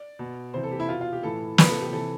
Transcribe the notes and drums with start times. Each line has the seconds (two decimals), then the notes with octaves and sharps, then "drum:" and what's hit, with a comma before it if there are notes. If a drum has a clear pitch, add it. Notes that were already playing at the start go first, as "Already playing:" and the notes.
Already playing: D5
0.19 B2
0.54 C3 E3 C5
0.63 A4
0.71 G4
0.80 E4
0.89 B2 F4
1.01 F4
1.12 G4
1.23 A2 E3 A4
1.58 C3 F3 B4, drum: snare
1.70 A4
1.81 G4
1.92 C3 E3 A4